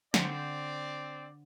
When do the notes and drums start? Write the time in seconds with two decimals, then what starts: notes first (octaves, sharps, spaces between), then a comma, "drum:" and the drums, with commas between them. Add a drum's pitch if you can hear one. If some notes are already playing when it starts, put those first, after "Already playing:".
0.14 D3 C4 C5 D5, drum: snare